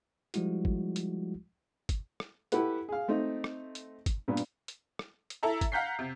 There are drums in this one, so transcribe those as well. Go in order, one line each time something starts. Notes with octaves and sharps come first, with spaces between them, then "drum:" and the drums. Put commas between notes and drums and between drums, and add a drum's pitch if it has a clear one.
F3 G3 G#3 E4 F#4, drum: hi-hat
drum: kick
drum: hi-hat
drum: kick, hi-hat
drum: rim click
E4 G4 A4 B4 F#5, drum: hi-hat
G#4 F5
A3 C4 D#4
drum: rim click
drum: hi-hat
drum: kick, hi-hat
G2 A#2 B3 D4
drum: hi-hat
drum: hi-hat
drum: rim click
drum: hi-hat
E4 A4 E5 A#5
drum: kick, hi-hat
F5 F#5 A#5 G6 B6 C7
C3